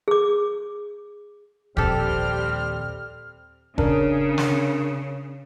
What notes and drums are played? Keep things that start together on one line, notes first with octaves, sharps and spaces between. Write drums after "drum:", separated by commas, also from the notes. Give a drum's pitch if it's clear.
G#4 D6
A#1 D#2 G3 C4 G4 A4 F6, drum: kick F1
C#3 D4 A#4, drum: kick F1
drum: snare